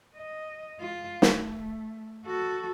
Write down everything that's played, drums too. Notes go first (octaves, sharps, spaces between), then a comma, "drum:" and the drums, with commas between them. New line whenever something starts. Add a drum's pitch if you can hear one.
D#5
G#3 F4
A3, drum: snare
F#4 A4